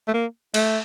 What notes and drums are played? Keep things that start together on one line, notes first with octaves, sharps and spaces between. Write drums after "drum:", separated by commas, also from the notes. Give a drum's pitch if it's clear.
A3
A#3
A3, drum: cymbal